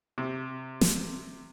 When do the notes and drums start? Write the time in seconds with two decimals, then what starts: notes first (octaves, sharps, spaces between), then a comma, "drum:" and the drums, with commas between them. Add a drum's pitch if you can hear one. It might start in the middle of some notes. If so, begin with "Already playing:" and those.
0.18 C3
0.81 drum: snare